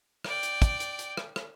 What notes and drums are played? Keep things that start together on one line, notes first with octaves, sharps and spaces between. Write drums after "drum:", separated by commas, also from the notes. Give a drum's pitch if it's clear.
D5 G5, drum: rim click
drum: hi-hat
drum: kick, hi-hat
drum: hi-hat
drum: hi-hat
drum: rim click
drum: rim click